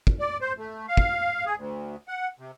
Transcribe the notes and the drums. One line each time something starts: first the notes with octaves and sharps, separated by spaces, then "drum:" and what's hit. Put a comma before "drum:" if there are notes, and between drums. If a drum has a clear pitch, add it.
drum: kick
D5
C5
A3
F5
drum: kick
G#4
D2
F#5
C3